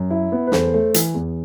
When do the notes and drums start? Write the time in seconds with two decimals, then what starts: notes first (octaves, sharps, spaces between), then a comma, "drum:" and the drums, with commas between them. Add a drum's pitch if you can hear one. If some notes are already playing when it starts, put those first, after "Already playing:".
Already playing: F#2
0.10 E4
0.32 B3
0.47 B4
0.52 E2 A4 C5, drum: snare
0.74 A3
0.94 E3, drum: hi-hat
1.14 E2